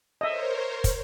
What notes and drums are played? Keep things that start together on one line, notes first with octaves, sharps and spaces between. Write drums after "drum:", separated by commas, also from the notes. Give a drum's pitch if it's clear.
A#4 C5 C#5 D#5 E5
drum: kick, hi-hat